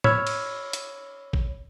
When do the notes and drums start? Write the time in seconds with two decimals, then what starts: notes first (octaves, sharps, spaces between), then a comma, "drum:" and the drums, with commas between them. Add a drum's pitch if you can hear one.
0.04 C#5 B5 E6 F6 G#6, drum: tom A2
0.27 drum: cymbal
0.73 drum: hi-hat
1.33 drum: kick